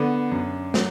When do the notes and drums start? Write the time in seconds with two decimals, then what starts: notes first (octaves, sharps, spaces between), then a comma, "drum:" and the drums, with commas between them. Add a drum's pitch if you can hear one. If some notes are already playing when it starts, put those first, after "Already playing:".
Already playing: D3 B3
0.31 F#2
0.74 F#3, drum: snare